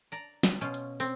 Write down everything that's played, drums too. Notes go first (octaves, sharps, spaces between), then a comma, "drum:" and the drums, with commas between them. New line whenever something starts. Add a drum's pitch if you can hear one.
D5 A#5
drum: snare
B2 C#4 F4
drum: hi-hat
C4, drum: open hi-hat